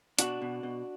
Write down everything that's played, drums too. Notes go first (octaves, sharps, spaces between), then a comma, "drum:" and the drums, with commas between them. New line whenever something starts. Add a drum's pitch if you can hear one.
B2 D4 F#4, drum: hi-hat
B2
B2